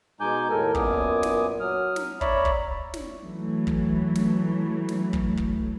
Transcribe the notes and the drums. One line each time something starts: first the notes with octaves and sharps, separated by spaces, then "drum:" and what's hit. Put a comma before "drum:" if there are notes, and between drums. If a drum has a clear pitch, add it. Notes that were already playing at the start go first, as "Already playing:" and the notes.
B2 G#3 D#4 G#5 D6 G6
D#2 A2 G#3 A4 A#4 G#5
F#2 A#2 B3 G#5 D6 D#6, drum: kick
drum: snare
F#3 D#6 F6
drum: snare
C#5 D5 E5 A#5 B5, drum: kick
drum: kick
drum: snare
E3 F#3 A3
drum: kick
drum: snare
drum: snare
drum: kick
drum: kick